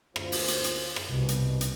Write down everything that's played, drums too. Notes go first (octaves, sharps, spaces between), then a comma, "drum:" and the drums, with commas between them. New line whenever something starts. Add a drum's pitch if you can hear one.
D2 F4 C5, drum: rim click
drum: open hi-hat
drum: hi-hat
drum: hi-hat
drum: rim click
C2 B2
drum: hi-hat
drum: hi-hat